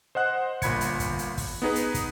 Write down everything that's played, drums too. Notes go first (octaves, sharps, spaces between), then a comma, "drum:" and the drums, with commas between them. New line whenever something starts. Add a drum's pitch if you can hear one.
C5 D#5 F#5 F#6
G1 A#2 B5 G#6 C#7, drum: kick, hi-hat
drum: hi-hat
drum: kick, hi-hat
drum: hi-hat
drum: kick, open hi-hat
B3 D#4 G#4 B4
drum: hi-hat
drum: kick, hi-hat